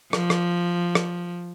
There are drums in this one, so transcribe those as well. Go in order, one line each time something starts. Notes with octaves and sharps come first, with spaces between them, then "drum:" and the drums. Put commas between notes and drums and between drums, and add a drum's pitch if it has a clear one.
F3, drum: rim click
drum: rim click
drum: rim click